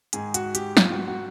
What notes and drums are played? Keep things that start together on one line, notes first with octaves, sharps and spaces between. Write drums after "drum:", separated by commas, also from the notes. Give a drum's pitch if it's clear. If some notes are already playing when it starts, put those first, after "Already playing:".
G#2 D#3 G#3 G#4, drum: hi-hat
F#4, drum: hi-hat
G4, drum: hi-hat
F4, drum: snare
F#4
F#4